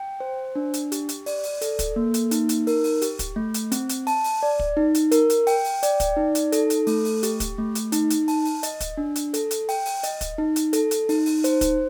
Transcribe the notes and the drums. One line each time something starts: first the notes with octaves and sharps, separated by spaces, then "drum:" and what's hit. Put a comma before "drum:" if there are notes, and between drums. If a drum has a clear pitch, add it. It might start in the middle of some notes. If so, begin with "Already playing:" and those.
Already playing: G5
C5
D4
drum: hi-hat
G4, drum: hi-hat
drum: hi-hat
D5, drum: open hi-hat
drum: open hi-hat
A4, drum: hi-hat
drum: kick, hi-hat
A#3
drum: hi-hat
D#4, drum: hi-hat
drum: hi-hat
A#4, drum: open hi-hat
drum: open hi-hat
G4, drum: hi-hat
drum: kick, hi-hat
A3
drum: hi-hat
C4, drum: hi-hat
drum: hi-hat
A5, drum: open hi-hat
drum: open hi-hat
D5
drum: kick
D#4
drum: hi-hat
A#4, drum: hi-hat
drum: hi-hat
G5, drum: open hi-hat
drum: open hi-hat
D5, drum: hi-hat
drum: kick, hi-hat
D#4
drum: hi-hat
A4, drum: hi-hat
drum: hi-hat
A3, drum: open hi-hat
drum: open hi-hat
G4, drum: hi-hat
drum: kick, hi-hat
A3
drum: hi-hat
D#4, drum: hi-hat
drum: hi-hat
A5, drum: open hi-hat
drum: open hi-hat
D#5, drum: hi-hat
drum: kick, hi-hat
D4
drum: hi-hat
A4, drum: hi-hat
drum: hi-hat
G5, drum: open hi-hat
drum: open hi-hat
D#5, drum: hi-hat
drum: kick, hi-hat
D#4
drum: hi-hat
A4, drum: hi-hat
drum: hi-hat
D#4, drum: open hi-hat
drum: open hi-hat
C5, drum: hi-hat
drum: kick, hi-hat